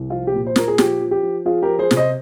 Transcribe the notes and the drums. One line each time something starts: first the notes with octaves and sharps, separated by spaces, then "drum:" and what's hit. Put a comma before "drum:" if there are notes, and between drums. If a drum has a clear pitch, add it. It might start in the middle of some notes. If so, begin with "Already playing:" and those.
Already playing: C2
F3 F4
G4
A#2
C5
A#2 A#4, drum: snare
G#4
F3 G4, drum: snare
F3
G4
F3
F3 F4 G#4
G4 A#4
F3
G#4 C5
C3, drum: snare
C5 D#5